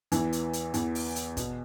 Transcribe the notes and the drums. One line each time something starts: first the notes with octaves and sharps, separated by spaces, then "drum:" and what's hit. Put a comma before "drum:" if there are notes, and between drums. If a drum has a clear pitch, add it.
E2 E3, drum: hi-hat
drum: hi-hat
drum: hi-hat
E2 E3, drum: hi-hat
drum: open hi-hat
drum: hi-hat
B2, drum: kick, hi-hat